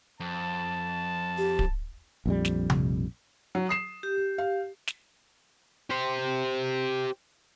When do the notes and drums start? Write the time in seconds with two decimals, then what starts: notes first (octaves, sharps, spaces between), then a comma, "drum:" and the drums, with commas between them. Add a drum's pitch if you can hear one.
0.20 F2 A5
1.38 G4
1.59 drum: kick D1
2.26 A#1 F2 G3
2.45 drum: snare
2.70 drum: tom C3
3.55 F#3
3.69 D#6 C7 E7
4.03 G4
4.38 F5
4.87 drum: snare
5.90 G4 C5